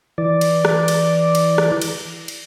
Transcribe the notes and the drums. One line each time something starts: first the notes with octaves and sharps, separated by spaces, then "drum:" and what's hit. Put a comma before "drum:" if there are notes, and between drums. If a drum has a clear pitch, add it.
E3 D5
drum: cymbal
drum: rim click
drum: cymbal
drum: cymbal
drum: rim click
drum: cymbal
drum: cymbal